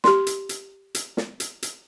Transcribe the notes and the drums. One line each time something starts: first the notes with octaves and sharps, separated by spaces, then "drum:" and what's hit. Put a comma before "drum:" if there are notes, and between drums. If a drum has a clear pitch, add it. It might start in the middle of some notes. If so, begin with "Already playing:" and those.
G4 C6, drum: snare
drum: hi-hat
drum: hi-hat
drum: hi-hat
drum: snare
drum: hi-hat
drum: hi-hat